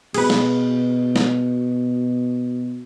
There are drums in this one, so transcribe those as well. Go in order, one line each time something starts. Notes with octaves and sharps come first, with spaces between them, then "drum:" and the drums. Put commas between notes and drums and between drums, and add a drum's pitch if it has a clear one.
B2 G#4 B4, drum: cymbal
drum: snare
drum: snare